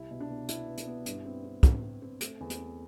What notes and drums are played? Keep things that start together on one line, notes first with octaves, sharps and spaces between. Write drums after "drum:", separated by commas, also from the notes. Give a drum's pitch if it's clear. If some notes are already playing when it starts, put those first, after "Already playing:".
Already playing: C2 E4
B2
D4
B2
B3 E4, drum: hi-hat
B3
drum: hi-hat
B3
G2, drum: hi-hat
C4
C4
C4, drum: kick, hi-hat
C4
C4
A3, drum: hi-hat
E2
drum: hi-hat
C4